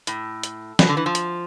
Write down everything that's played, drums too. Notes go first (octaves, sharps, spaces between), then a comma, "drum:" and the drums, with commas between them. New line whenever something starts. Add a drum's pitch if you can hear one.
A2, drum: hi-hat
drum: hi-hat
B2, drum: snare
D3
E3
F3
drum: hi-hat